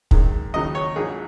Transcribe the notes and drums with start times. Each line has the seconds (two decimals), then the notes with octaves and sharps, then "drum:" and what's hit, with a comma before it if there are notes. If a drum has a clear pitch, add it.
0.11 F#2 D#3 G#3, drum: kick
0.54 D#2 C#3 F#3 D#4 D#5
0.75 C#5
0.96 A#1 G#2 F#3 D#4 G#4